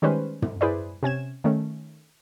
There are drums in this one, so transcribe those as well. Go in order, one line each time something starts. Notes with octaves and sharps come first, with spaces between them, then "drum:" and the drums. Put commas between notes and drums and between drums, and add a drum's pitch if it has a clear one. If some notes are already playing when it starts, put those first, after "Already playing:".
D#3 G3 G#3 C#4 B4 C5
drum: tom
E4 G#4 B4 C5 D5
C3 C#4 G#6 E7
D#3 A3 C#4